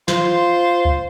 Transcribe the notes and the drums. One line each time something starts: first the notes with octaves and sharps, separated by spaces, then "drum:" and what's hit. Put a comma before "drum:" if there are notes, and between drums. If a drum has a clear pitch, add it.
F4 C5, drum: snare
drum: kick C#2